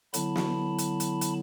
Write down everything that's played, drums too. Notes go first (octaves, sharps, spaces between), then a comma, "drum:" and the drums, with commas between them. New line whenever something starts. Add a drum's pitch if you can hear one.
D3 F#3 B3 E4 A5 B5, drum: hi-hat
drum: snare
drum: hi-hat
drum: hi-hat
drum: hi-hat